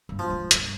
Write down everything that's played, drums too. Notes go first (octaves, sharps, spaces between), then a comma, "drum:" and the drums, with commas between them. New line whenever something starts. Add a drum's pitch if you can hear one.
G2
F3
G#2
G2, drum: hi-hat